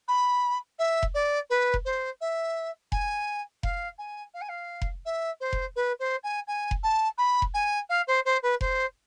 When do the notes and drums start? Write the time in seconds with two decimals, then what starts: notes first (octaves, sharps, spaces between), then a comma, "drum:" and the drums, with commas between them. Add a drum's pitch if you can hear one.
0.08 B5
0.79 E5
1.03 drum: kick F1
1.14 D5
1.50 B4
1.74 drum: kick F1
1.85 C5
2.21 E5
2.92 G#5, drum: kick F1
3.63 F5, drum: kick F1
3.98 G#5
4.34 F5
4.41 G#5
4.49 F5
4.82 drum: kick F1
5.05 E5
5.41 C5
5.53 drum: kick F1
5.76 B4
6.00 C5
6.24 G#5
6.47 G#5
6.71 drum: kick F1
6.83 A5
7.18 B5
7.42 drum: kick F1
7.54 G#5
7.89 F5
8.08 C5
8.25 C5
8.43 B4
8.61 C5, drum: kick F1